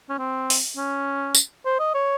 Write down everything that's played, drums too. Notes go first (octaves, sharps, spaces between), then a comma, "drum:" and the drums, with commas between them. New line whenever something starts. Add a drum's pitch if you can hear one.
C#4
C4
drum: open hi-hat
C#4
drum: tambourine
C5
D#5
C#5